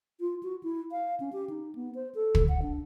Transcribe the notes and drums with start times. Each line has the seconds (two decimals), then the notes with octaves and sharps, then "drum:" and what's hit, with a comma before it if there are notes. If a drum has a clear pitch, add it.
0.20 F4
0.43 F#4
0.63 E4
0.91 F5
1.20 C#4
1.33 G4
1.50 D#4
1.75 B3
1.95 C5
2.15 A4
2.35 drum: kick
2.49 F#5
2.62 D4